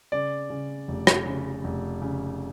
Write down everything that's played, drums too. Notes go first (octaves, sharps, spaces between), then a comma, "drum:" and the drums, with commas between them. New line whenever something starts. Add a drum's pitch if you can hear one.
C#3 D5
C#3
F1
drum: rim click
C#3
F1
C#3